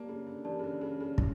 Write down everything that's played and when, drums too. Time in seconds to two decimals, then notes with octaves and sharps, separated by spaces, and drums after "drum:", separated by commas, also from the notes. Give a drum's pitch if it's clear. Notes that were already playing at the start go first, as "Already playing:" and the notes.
Already playing: A#3 G4 A#4 D5 A5
0.08 C#3
0.26 D3
0.45 E3 G4 A#4 D5 A5
0.59 C#3
0.63 D3
0.81 C#3
1.00 C#3
1.18 E4, drum: kick